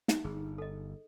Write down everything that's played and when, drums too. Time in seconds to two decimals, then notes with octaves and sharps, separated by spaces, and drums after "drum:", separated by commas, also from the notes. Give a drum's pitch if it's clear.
0.08 D#4 E5, drum: snare
0.24 G1 G#4
0.58 A4 D#5